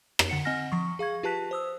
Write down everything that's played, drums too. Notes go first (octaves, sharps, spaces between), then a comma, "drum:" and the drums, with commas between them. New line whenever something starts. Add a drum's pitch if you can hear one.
drum: rim click
D3 F#5 C#7
C4 D#5 F#5 G#5 F6 A#6
F3 C#6
G#4 F5 C#6 G#6
F4 G4 B4 A5 F#6 B6
C5 D#6 E6